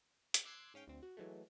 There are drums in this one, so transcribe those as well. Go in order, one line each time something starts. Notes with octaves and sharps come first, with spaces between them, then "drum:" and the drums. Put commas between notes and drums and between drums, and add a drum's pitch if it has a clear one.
drum: hi-hat
C6 D6 E6 F#6 G#6 C7
G#2 C#4 F5 G5
D2 C4
F#4
E3 F#3 G#3 A3